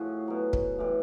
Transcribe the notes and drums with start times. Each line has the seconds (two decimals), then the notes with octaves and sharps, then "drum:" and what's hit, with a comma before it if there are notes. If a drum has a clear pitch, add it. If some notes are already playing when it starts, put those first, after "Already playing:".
Already playing: A2 F3 F#4 G#4
0.28 B2 F#3
0.53 drum: kick
0.78 A2 E3 G3